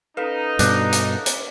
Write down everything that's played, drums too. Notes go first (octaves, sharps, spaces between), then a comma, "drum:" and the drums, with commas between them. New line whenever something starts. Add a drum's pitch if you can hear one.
C#4 D#4 A4 B4 F5
G2 B2 D4, drum: hi-hat
drum: hi-hat
drum: hi-hat